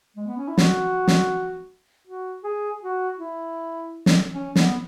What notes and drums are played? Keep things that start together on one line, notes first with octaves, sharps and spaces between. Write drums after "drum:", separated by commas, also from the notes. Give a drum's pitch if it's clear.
G#3
B3
C#4
E4
F#4, drum: snare
drum: snare
F#4
G#4
F#4
E4
drum: snare
C#4
B3, drum: snare